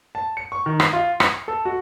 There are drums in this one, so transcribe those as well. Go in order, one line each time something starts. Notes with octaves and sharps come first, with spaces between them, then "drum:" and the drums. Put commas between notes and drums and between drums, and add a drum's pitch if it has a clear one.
A5
C#7
C#6
D#3
C7, drum: rim click
F4
C#7, drum: rim click
A4
F#4